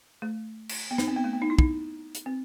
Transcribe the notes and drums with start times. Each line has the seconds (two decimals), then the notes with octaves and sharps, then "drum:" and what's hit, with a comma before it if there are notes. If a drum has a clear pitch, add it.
0.22 A3
0.69 drum: cymbal
0.91 B3
0.98 D#4, drum: snare
1.08 C4
1.16 B3
1.24 A3
1.33 B3
1.42 D#4
1.50 E4
1.59 D#4, drum: kick
2.15 drum: hi-hat
2.26 C4